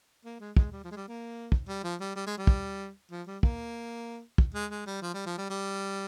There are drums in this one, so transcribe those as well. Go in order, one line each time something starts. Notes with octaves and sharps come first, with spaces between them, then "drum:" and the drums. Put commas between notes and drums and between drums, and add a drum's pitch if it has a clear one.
A#3
G#3
G#3, drum: kick
G3
F3
G#3
G3
A#3
drum: kick
G3
F3
G3
G3
G#3
G3
drum: kick
F3
G3
A#3, drum: kick
drum: kick
G#3
G#3
G3
F3
G3
F3
G3
G3